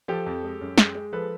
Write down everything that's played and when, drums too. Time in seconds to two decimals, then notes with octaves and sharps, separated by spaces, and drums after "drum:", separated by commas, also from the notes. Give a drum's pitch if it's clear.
0.08 F3 G4 A4
0.26 F2
0.43 G#3
0.61 F#2
0.78 G#3, drum: snare
0.95 G#3
1.13 F3 A4 B4